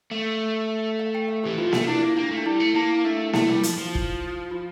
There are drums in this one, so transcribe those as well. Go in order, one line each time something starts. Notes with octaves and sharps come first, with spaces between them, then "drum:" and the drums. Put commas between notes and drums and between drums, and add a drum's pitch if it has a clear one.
A3 F5
F5
G5
F5
E3 G4
F3 F4
A3, drum: snare A#3
D4 E4
A#3
A#3 D4
A3
D4
G3 E4
A3
A#3 E4
A3 D4
D4
A3 E4, drum: snare A#3
G3
F3, drum: hi-hat
F3
drum: kick
F4